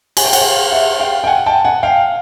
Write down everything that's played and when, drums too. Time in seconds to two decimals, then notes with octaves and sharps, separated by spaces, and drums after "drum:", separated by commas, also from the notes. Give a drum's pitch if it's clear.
0.17 G#5, drum: cymbal
0.25 G5
0.33 F#5, drum: cymbal
0.41 F5 G5
0.72 E5 F#5
1.00 F5 G5
1.24 G5
1.27 F#5 G#5
1.46 G5 A5
1.65 F#5 G#5
1.83 F5 G5